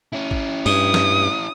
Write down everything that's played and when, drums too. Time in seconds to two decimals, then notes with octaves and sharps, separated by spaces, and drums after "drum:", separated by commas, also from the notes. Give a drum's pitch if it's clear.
0.13 C#4 E4
0.31 drum: kick
0.66 G2 D#6, drum: open hi-hat
0.94 drum: snare